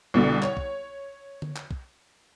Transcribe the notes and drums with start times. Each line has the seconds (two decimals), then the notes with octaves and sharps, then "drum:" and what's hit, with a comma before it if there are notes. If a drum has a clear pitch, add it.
0.14 C2 B2 D3
0.42 C#5, drum: clap
0.57 drum: kick
1.42 drum: tom D3
1.56 drum: clap
1.71 drum: kick